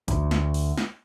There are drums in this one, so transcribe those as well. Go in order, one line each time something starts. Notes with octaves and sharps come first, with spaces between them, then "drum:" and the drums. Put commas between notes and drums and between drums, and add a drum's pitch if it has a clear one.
D2, drum: kick, hi-hat
drum: snare
drum: open hi-hat
drum: snare